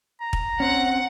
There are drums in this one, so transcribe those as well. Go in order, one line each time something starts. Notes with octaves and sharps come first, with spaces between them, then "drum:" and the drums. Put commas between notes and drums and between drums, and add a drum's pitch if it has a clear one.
A#5
drum: kick
C4 C#4 F#5